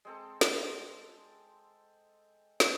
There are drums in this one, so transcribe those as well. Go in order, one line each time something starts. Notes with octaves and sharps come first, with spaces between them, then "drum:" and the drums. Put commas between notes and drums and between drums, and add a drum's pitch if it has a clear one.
G#3 C4 A4
drum: snare
drum: snare